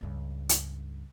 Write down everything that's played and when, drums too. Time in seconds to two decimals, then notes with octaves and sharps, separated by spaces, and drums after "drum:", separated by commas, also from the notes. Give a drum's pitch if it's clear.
0.01 C#2 G2
0.49 drum: hi-hat